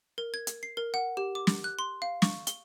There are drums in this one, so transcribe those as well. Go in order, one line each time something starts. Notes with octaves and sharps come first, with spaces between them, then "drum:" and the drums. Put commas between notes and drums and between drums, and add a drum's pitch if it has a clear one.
A#4
G#6
drum: hi-hat
C7
A#4
F#5
G4
D6
drum: snare
F#6
C6
F5
C#6, drum: snare
G7, drum: hi-hat